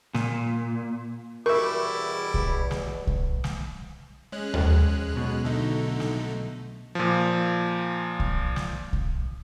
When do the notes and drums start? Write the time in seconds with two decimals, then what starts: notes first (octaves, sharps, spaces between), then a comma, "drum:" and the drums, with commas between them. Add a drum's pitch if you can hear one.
0.14 A#2, drum: snare
1.46 E2 B2 G3 E4 A#4 E5 C#6 D6
2.34 drum: kick B1
2.71 drum: snare
3.07 drum: kick B1
3.44 drum: snare
4.32 G#3 C#4 F#6
4.54 drum: tom D#2
5.12 B1 B2
5.45 D3 A3 D#4
6.00 drum: snare
6.95 A#2 F3
8.20 drum: kick B1
8.56 drum: snare
8.93 drum: kick B1